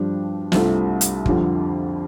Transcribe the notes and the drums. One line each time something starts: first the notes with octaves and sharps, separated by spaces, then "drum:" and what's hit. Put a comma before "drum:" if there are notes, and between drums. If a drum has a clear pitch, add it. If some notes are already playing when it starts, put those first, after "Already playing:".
Already playing: G2 F3 D4 G4
C2 C3 A3 D4 F4, drum: snare
drum: hi-hat
F2 D3 G3 F4, drum: kick